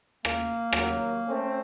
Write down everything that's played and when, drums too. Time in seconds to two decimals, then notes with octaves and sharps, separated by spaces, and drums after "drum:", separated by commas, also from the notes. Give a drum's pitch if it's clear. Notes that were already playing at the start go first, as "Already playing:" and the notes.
0.25 A#3, drum: rim click
0.73 D#2 F#3, drum: rim click
1.27 A3 C4 C#4